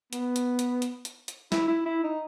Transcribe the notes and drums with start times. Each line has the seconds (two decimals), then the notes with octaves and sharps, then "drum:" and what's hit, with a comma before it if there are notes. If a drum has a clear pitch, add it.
0.13 B3, drum: hi-hat
0.36 drum: hi-hat
0.59 drum: hi-hat
0.82 drum: hi-hat
1.05 drum: hi-hat
1.28 drum: hi-hat
1.52 E4, drum: snare
1.68 E4
1.86 E4
2.04 D#4